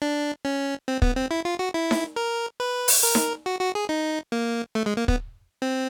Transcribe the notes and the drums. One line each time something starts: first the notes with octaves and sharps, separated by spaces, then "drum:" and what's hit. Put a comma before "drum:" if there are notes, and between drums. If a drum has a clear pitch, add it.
D4
C#4
C4
B3, drum: kick
C4
E4
F4
F#4
E4
drum: snare D#4
A#4
B4
drum: open hi-hat
A#4
drum: snare D#4
F#4
F#4
G#4
D#4
A#3
A3
G#3
A#3
B3, drum: kick
C4